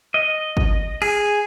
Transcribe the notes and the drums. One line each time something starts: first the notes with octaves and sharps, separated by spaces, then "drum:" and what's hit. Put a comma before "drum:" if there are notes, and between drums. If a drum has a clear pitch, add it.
D#5
drum: kick
G#4, drum: cymbal